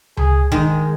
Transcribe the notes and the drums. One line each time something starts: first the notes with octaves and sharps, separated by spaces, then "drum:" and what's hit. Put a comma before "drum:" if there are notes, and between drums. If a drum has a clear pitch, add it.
G#4, drum: tom C#2
D#3 G#3, drum: kick